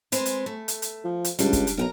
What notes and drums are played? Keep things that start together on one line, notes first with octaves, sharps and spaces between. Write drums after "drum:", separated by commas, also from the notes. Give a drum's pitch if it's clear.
G#3 C4 B4, drum: hi-hat
drum: hi-hat
A3
drum: hi-hat
drum: hi-hat
F3
drum: hi-hat
C#2 G3 D4, drum: hi-hat
drum: kick, hi-hat
drum: hi-hat
B1 A#4 G5 A#5